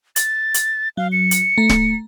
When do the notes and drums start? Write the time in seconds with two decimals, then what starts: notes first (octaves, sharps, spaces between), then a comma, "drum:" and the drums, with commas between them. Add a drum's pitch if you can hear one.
0.16 A6, drum: hi-hat
0.54 drum: hi-hat
0.97 F#3 F5
1.12 C#7
1.31 drum: hi-hat
1.58 A3 A#5
1.69 drum: snare D1